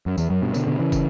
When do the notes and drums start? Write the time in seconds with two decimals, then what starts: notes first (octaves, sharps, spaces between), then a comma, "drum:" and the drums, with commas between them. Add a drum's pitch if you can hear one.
0.06 F#2
0.18 E2, drum: tambourine
0.30 F#2
0.42 G2 B2
0.54 B2 D3, drum: tambourine
0.67 B2 D3
0.79 C#3 E3
0.92 drum: kick, tambourine